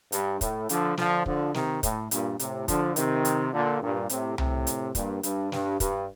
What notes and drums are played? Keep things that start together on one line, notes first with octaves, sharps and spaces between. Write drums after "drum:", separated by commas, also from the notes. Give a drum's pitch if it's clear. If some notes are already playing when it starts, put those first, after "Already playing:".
G2, drum: hi-hat
A2, drum: kick, hi-hat
D3 F3, drum: hi-hat
D3 F3, drum: snare
D3 F3, drum: kick
C3 D#3, drum: snare
A2, drum: kick, hi-hat
G2 A#2, drum: hi-hat
A2 C3, drum: hi-hat
D3 F3, drum: kick, hi-hat
C3 D#3, drum: hi-hat
drum: hi-hat
A#2 D3
G2 A#2
A2 C3, drum: hi-hat
A2 C3, drum: tom C2
drum: hi-hat
G2 A#2, drum: kick, hi-hat
G2, drum: hi-hat
G2, drum: snare
G2, drum: kick, hi-hat